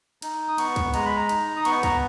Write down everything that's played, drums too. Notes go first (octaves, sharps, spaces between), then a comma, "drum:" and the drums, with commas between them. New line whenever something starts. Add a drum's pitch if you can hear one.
D#4, drum: cymbal
D#6
B3 C#6, drum: cymbal
drum: kick, cymbal
G#3 A#5, drum: cymbal
B5
A#5
D#4, drum: cymbal
D#6
B3 C#6, drum: cymbal
A#5, drum: kick, cymbal